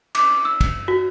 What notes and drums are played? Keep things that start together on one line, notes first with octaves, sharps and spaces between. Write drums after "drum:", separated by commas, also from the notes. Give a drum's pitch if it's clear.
D6, drum: cymbal
E6
drum: kick, cymbal
F#4